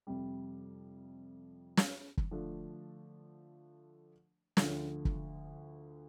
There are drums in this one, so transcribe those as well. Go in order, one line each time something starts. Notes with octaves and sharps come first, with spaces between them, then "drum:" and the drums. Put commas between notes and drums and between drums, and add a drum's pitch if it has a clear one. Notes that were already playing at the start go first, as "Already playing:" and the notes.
F2 C3 G3
drum: snare
drum: kick
D3 F3 A3 D4
D2 D3 F3, drum: snare
drum: kick